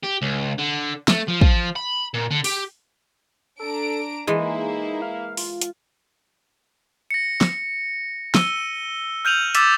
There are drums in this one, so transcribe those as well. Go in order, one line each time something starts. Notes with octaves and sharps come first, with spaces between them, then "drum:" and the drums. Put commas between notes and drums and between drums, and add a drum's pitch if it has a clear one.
G4
C#2
D3
A3, drum: snare
F3
F3, drum: kick
B5
A#2
D3
G4, drum: open hi-hat
D4 A4 A#5 D7
E3 G#3 A#3 D#4 E4
F5
F4, drum: open hi-hat
drum: hi-hat
A#6 C#7
drum: snare
E6 D#7 G7, drum: snare
F6 G6 D#7 F7 F#7
D6 E6 A6 B6 E7, drum: hi-hat